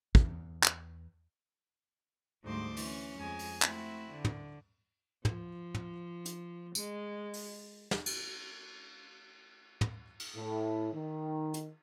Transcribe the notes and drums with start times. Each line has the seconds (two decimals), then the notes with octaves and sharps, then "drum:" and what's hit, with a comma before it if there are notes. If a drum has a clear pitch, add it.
0.15 E2, drum: kick
0.63 drum: clap
2.43 D2 G#2 G3 C5 C6 D6
2.77 E3 C#4, drum: open hi-hat
3.17 F2 G#3 G#5
3.39 drum: open hi-hat
3.62 A3 C4 E4 F#4, drum: clap
4.12 D3
4.25 drum: tom
5.25 F3, drum: tom
5.74 drum: tom
6.26 drum: hi-hat
6.75 G#3, drum: tambourine
7.34 drum: open hi-hat
7.91 drum: snare
8.06 drum: cymbal
9.81 drum: tom
10.20 drum: cymbal
10.36 A2
10.93 D#3
11.54 drum: hi-hat